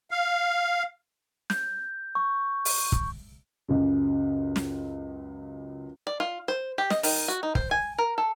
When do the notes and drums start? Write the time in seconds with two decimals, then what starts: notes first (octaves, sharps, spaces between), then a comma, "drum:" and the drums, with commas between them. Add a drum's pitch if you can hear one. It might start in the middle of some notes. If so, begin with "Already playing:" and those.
0.11 F5
1.50 G6, drum: snare
2.15 C#6
2.65 drum: open hi-hat
2.92 drum: kick
3.68 C#2 F#2 C#3
4.56 drum: snare
6.07 D5
6.20 F4
6.48 C5
6.78 G4
6.90 D#5, drum: snare
7.03 D#3, drum: open hi-hat
7.28 F#4
7.43 D#4
7.55 C5, drum: kick
7.71 G#5
7.98 A#4
8.18 A4